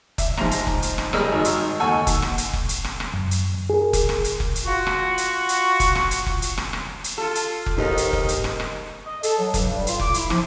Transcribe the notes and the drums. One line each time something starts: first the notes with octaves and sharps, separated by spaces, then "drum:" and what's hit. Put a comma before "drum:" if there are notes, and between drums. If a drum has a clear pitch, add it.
E5, drum: kick F1, hi-hat
G#2 F3 A#5, drum: rim click
drum: hi-hat
drum: kick F1
drum: hi-hat
drum: rim click
G3 G#4 A#4 D#5 E6 F6, drum: rim click
G#1 G#2 D#3
drum: hi-hat
D#2 F#4 A4 G#5 C#6 E6
drum: kick F1, hi-hat
drum: rim click
drum: hi-hat
drum: kick F1
drum: hi-hat
drum: rim click
drum: rim click
F#2
drum: hi-hat
G#4 A#4
drum: kick F1, hi-hat
drum: rim click
drum: hi-hat
drum: kick F1
drum: hi-hat
F4 F#4
drum: rim click
drum: hi-hat
drum: hi-hat
drum: kick F1, hi-hat
drum: rim click
drum: hi-hat
drum: kick F1
drum: hi-hat
drum: rim click
drum: rim click
drum: hi-hat
F4 A4
drum: hi-hat
drum: kick F1
D#2 G#2 D#3 D#4
drum: hi-hat
drum: kick F1
drum: hi-hat
drum: rim click
drum: rim click
D#5
A4, drum: hi-hat
F#3
G2, drum: kick F1, hi-hat
G3
F4, drum: hi-hat
D6, drum: kick F1
E4, drum: hi-hat
F3, drum: rim click